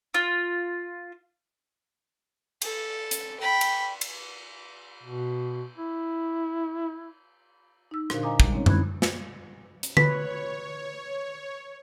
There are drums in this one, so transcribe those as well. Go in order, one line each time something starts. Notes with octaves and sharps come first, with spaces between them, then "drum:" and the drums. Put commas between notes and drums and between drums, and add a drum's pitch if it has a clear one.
F4
A4, drum: cymbal
drum: hi-hat
G5 B5
drum: cymbal
drum: cymbal
B2
E4
D#4 E6
A#2 D3 D4 A#4 C5 F5, drum: rim click
D#5 F5 G#5 A#5 D6 D#6
C3 G3 G#3, drum: kick
A#3 C4 C#4 D#4 C#5
C#4 E4 B5 F#6 G#6, drum: tom F#2
drum: snare
drum: hi-hat
B4 C#5 B6, drum: tom D3